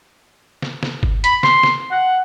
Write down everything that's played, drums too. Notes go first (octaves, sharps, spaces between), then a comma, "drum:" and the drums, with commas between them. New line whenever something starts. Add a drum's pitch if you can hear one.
drum: snare
drum: snare
drum: kick
B5, drum: hi-hat
C6, drum: snare
drum: snare
F#5